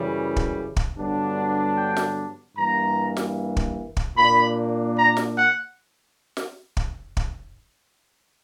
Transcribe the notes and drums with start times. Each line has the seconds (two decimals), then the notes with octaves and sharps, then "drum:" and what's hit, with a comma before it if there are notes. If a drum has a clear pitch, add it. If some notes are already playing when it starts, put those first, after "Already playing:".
Already playing: F#2 C#3 E3 G3
0.36 drum: kick
0.76 drum: kick
0.96 G2 D3 F#3 B3 D4
1.77 G5
1.97 drum: snare
2.56 G2 E3 A#3 A#5
3.17 drum: snare
3.57 drum: kick
3.97 drum: kick
4.17 A#2 A#3 D4 B5
4.96 A#5
5.17 drum: snare
5.36 F#5
6.37 drum: snare
6.77 drum: kick
7.17 drum: kick